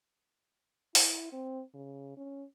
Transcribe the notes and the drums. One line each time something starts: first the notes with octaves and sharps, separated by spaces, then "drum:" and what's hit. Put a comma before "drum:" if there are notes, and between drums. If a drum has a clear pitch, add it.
E4, drum: open hi-hat
C4
C#3
C#4